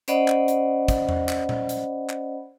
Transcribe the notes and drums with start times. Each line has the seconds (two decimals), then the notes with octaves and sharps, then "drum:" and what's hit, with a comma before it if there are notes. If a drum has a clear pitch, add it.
0.08 C#4 C5 D5 D#5 F#5 B5, drum: hi-hat
0.28 drum: clap
0.48 drum: hi-hat
0.88 drum: kick, hi-hat
1.09 drum: tom E2
1.29 drum: clap
1.49 drum: tom A#2
1.69 drum: hi-hat
2.10 drum: clap